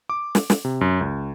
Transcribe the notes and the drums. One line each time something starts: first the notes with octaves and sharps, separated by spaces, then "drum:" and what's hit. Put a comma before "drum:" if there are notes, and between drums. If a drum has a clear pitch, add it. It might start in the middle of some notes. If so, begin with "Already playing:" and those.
D6
drum: snare
drum: snare
C3
F#2
C#2